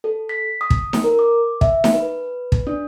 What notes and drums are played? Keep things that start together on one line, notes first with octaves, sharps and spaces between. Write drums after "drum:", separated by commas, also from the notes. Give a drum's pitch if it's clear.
A4
B6
D#6
drum: kick
drum: snare D#4
A#4
D6
E5, drum: kick
drum: snare D#4
B4
drum: kick
D4